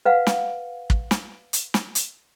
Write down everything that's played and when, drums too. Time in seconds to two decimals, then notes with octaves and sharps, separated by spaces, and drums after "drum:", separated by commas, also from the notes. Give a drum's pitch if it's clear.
0.05 B4 F5 F#5
0.27 drum: snare
0.90 drum: kick
1.11 drum: snare
1.53 drum: hi-hat
1.74 drum: snare
1.95 drum: hi-hat